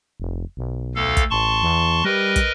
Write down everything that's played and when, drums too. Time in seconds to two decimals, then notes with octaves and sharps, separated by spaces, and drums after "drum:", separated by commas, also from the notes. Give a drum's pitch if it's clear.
0.20 F1
0.57 B1
0.95 D2 A4 F5
1.17 drum: kick, hi-hat
1.31 A1 A5 C6 C#6
1.62 E2
2.05 G3 A#4 B4 D#5
2.36 drum: kick, hi-hat